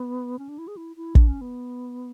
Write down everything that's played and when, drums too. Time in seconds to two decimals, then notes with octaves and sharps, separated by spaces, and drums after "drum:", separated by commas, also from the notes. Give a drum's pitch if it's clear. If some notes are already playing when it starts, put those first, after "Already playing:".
Already playing: B3
0.39 C#4
0.49 D4
0.58 E4
0.68 G#4
0.77 E4
0.96 E4
1.15 D4, drum: kick
1.27 C#4
1.41 B3